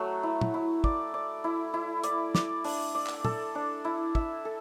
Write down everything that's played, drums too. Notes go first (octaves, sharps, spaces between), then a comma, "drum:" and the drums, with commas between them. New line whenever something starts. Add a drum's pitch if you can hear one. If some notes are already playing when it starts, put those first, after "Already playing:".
Already playing: F#3 A3 F#4
E4
drum: tom
E4
D5, drum: kick
D5
E4
E4
D5, drum: hi-hat
D5, drum: snare
D4, drum: open hi-hat
D5
drum: clap
A4, drum: tom
D4
E4
E5, drum: kick
A4